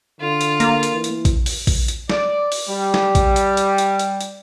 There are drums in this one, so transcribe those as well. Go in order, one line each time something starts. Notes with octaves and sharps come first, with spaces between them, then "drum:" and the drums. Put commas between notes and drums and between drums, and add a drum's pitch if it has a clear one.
D3 F4
drum: hi-hat
A#3, drum: hi-hat
drum: hi-hat
E3
drum: hi-hat
drum: kick A#1, hi-hat
drum: open hi-hat
drum: kick A#1, open hi-hat
drum: hi-hat
D5, drum: snare
drum: open hi-hat
G3
drum: snare
drum: kick A#1, hi-hat
drum: hi-hat
drum: hi-hat
drum: hi-hat
drum: hi-hat
drum: hi-hat